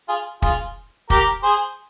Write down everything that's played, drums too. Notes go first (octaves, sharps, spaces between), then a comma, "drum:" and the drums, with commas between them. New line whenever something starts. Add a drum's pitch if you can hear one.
F4 G#4
F4 G#4, drum: kick
G4 A#4, drum: kick
G#4 C5